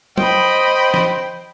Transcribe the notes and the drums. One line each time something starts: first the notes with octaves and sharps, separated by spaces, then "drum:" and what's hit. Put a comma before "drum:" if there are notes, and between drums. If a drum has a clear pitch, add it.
C5 D#5 G5 B5, drum: tom F#3
drum: snare